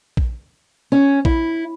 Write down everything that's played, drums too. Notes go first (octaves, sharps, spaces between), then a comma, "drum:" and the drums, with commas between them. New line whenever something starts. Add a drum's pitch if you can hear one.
drum: kick A#1
C#4
E4, drum: kick A#1